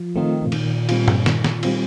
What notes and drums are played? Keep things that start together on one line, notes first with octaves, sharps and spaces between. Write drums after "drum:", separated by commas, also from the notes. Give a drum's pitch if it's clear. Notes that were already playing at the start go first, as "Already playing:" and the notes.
Already playing: F3 F4
D#3 A3 C4 F4
A#2 D#3, drum: cymbal
G3 C4 F4, drum: cymbal
drum: tom G2
D#3, drum: snare
drum: snare
G3 C4 F4, drum: cymbal